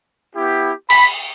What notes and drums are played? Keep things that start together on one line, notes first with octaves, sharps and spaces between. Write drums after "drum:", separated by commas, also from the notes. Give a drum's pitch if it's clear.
B3 E4 G4
B5, drum: cymbal